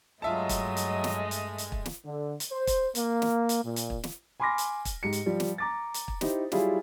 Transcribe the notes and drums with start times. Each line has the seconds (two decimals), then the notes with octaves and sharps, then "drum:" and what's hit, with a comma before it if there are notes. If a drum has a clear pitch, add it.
0.22 G2 F#3 G#3 A3 F4 D#5 E5 A5
0.49 drum: kick, hi-hat
0.77 drum: hi-hat
1.04 drum: snare
1.31 drum: hi-hat
1.58 drum: hi-hat
1.72 drum: kick
1.86 drum: snare
2.05 D3
2.40 drum: hi-hat
2.51 C5
2.67 drum: kick, hi-hat
2.95 A#3, drum: hi-hat
3.22 drum: snare
3.49 drum: hi-hat
3.62 A#2
3.76 drum: hi-hat
3.90 drum: kick
4.04 drum: snare
4.40 G#5 B5 C6 D6 F6 A#6
4.58 drum: hi-hat
4.85 drum: kick, hi-hat
5.03 G#2 G4 C#7
5.13 drum: hi-hat
5.26 F3 G3
5.40 drum: snare
5.58 A#5 D6 A6
5.94 drum: hi-hat
6.08 drum: kick
6.21 D#4 E4 G4 C5, drum: snare
6.52 F#3 G3 E4 F4 G4 G#4, drum: snare